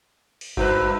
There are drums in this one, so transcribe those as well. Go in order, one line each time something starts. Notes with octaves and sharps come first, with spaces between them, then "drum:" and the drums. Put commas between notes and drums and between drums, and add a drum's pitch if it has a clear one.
drum: open hi-hat
G2 F#4 B4 C5 E6, drum: kick G1